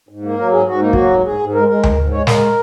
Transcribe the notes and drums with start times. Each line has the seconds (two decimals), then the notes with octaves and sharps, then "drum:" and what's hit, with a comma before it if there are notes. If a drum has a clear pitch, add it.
0.09 G#2
0.23 A#3
0.37 F#3 A#4
0.52 G#2 G#4
0.67 G#2 F#4
0.80 A#3 D#4
0.93 F#3 F#4, drum: kick
1.10 G#2
1.25 G#2 G#4
1.39 G#2
1.54 G#3 A#4
1.68 G#3 A#4
1.83 G#2, drum: tom D2
1.97 G#2
2.12 G#3 C#5
2.27 G#3 A#4, drum: snare